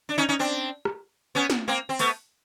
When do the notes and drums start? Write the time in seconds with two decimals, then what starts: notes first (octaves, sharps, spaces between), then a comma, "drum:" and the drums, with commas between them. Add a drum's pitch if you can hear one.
0.09 D4
0.18 C#4 D#4
0.29 C#4 D#4
0.39 C4 D4
0.85 drum: rim click
1.35 B3 C#4
1.50 drum: snare
1.68 A#3 C4
1.89 C4
1.99 A3 B3, drum: open hi-hat